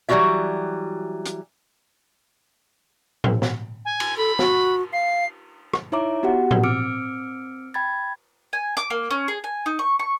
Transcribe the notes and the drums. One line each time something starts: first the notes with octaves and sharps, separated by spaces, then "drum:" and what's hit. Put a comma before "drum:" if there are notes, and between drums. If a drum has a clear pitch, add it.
E3 F#3 G3 F4 F#4 E5
drum: hi-hat
drum: tom A2
drum: snare
G#5
drum: cymbal
A4 B5
F#4, drum: snare
F5 C7
drum: rim click
D#4 E4 C#5 E5 A#5 D6
B3 F#4 G4 F#5
drum: tom A2
C4 D6 E6 F6 C#7 D7
G5 B5 G#6 A6
G#5
D6, drum: hi-hat
A#3
C#4
G#4
G#5
D#4
C#6
C#6